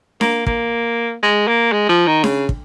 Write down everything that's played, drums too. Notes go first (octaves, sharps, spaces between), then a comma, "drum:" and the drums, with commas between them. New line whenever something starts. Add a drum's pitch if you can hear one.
A#3, drum: snare D4
A#3, drum: kick
G#3
A#3
G#3
F3
D#3
C#3, drum: snare D4
drum: kick